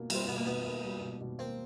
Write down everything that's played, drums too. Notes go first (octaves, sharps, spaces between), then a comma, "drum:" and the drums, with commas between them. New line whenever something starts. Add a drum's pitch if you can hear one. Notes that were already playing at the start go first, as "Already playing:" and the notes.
Already playing: B2 A#3
G3 C4, drum: cymbal
B2 B3
A#3
B2 B3
A#3
G3
B2
B2
A#3 C4